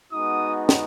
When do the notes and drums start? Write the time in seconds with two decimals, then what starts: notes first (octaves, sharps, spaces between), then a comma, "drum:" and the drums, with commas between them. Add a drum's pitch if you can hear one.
0.12 G#3 B3 D#4 F#4 D#6
0.69 drum: snare